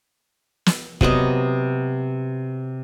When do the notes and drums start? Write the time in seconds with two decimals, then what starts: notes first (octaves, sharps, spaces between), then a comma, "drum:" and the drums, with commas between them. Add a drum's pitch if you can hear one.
0.66 drum: snare
1.01 C3 F#3 B3 D#5, drum: kick